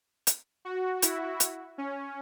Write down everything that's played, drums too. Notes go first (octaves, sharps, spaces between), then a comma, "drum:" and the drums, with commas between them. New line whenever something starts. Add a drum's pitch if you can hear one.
drum: hi-hat
F#4
E4, drum: hi-hat
drum: hi-hat
C#4